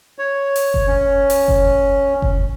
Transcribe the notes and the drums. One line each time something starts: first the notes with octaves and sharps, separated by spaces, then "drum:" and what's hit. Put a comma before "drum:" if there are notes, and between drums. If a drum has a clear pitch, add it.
C#5
drum: open hi-hat
drum: kick F#1
C#4
drum: open hi-hat
drum: kick F#1
drum: kick F#1